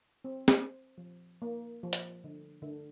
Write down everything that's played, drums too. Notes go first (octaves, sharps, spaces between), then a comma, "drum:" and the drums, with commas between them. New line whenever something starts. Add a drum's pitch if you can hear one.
C4
C5, drum: snare
F3
A#3
F3
drum: hi-hat
D3
D3